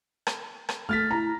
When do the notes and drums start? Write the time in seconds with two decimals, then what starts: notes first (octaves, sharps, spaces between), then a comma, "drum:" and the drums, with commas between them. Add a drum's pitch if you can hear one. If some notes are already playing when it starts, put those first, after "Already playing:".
0.27 drum: rim click
0.69 drum: rim click
0.89 A3 F6 A6 B6
1.11 E4 A#5